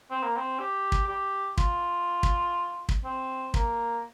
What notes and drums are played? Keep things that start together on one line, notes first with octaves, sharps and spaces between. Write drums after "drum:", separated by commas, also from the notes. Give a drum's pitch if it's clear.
C4
A#3
C4
G4
drum: kick
G4
F4, drum: kick
drum: kick
drum: kick
C4
A#3, drum: kick